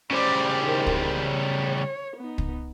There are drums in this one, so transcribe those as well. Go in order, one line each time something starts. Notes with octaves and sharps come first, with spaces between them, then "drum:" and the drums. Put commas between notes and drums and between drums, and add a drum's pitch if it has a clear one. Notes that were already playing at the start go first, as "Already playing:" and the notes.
C#3 G3 C5 D5
D#3 C5
drum: kick
C#5
B3 D#4
drum: kick